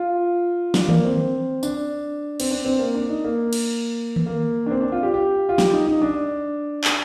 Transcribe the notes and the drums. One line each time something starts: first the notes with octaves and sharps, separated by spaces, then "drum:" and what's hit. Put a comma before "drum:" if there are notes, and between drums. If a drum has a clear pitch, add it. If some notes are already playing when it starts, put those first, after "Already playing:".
Already playing: F4
D4, drum: snare
A#3, drum: tom D#3
C4
D4, drum: tambourine
C4, drum: cymbal
D4
C4
A#3
D4
D#4
A#3
drum: cymbal
drum: tom D#3
A#3
D4
C4
D4
F4
G4
G4
F4
G4, drum: snare
D#4
D#4
D4
drum: clap